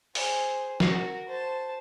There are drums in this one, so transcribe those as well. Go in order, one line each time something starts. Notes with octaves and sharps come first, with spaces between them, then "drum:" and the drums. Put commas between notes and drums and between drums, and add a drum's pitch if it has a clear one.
G#4 C5, drum: open hi-hat
F#4 A#4, drum: snare
C5 A5